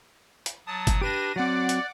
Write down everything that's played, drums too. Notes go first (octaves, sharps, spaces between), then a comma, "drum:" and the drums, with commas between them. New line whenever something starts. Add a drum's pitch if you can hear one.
drum: hi-hat
F#3 A5 D#6
drum: kick F#1, hi-hat
D4 G4 B4 A#6 D#7
F#3 C4 D5 F#5 D6
drum: hi-hat